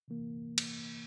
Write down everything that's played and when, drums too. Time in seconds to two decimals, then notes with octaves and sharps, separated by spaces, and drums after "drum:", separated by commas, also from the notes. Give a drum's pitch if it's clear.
0.08 C3 E3 A#3
0.58 drum: cymbal